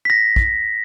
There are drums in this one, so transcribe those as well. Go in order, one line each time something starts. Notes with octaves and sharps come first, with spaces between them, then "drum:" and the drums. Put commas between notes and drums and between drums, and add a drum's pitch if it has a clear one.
A#6 B6
drum: kick